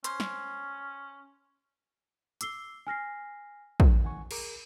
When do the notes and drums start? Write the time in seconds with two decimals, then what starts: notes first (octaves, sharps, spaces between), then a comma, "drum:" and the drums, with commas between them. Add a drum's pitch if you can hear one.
0.04 C#4 C5, drum: hi-hat
0.20 drum: snare
2.41 D6 E6 C7 G7, drum: hi-hat
2.87 G#5 F6 A#6 C7
3.80 drum: kick
4.02 C#2 F#2 D#3 F#5 G#5 C#6
4.31 G#4 A#4 D6, drum: cymbal